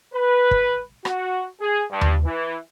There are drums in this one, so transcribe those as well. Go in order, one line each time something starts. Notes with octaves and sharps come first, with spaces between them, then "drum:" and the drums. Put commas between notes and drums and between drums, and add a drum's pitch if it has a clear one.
B4
drum: kick
F#4, drum: rim click
G#4
G2
drum: tom D#2
E3